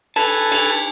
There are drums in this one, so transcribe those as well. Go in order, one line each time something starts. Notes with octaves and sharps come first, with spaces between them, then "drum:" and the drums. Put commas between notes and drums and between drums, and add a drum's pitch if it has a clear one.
A4 B4 G#5 A5, drum: cymbal
drum: cymbal